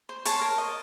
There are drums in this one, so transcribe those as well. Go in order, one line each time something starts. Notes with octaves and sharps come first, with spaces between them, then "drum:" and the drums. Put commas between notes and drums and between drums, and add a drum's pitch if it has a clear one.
C5
C#5 A5 C6, drum: hi-hat
A#4
D#5